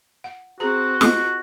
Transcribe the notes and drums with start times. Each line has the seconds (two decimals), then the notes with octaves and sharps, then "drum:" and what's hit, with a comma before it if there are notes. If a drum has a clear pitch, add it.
0.24 F#5
0.60 C4 F#4 G#4 A#5
1.01 F4 D#5 F#5, drum: snare